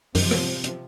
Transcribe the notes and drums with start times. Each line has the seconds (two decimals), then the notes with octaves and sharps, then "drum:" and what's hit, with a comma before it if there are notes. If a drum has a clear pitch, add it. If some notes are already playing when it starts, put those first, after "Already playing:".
0.15 F#2 C3 D#3 F3, drum: open hi-hat
0.31 drum: rim click
0.64 drum: hi-hat